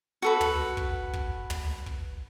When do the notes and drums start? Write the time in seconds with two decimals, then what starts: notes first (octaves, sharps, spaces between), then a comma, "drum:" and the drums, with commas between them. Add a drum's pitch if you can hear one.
0.22 F#4 A4 B4
0.41 drum: tom
0.77 drum: kick
1.13 drum: kick
1.50 drum: tom
1.86 drum: kick